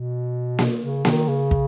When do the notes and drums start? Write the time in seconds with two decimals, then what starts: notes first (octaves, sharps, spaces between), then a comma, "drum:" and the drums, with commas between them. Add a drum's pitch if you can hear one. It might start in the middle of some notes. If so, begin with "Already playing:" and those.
Already playing: B2
0.59 drum: snare A#3
0.81 C#3
1.05 D#3, drum: snare A#3
1.28 C#3
1.51 drum: kick